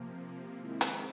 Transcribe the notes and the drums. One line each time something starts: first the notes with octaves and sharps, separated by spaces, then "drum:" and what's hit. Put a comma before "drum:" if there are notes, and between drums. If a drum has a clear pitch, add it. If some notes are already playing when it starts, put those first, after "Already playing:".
Already playing: C3 F3 A#3
D#3 G#3 C4 E4
drum: hi-hat